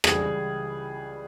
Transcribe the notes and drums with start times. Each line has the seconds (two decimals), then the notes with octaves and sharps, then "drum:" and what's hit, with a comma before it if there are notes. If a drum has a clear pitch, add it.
0.04 C#2 C#3 E3 G3 G#4, drum: rim click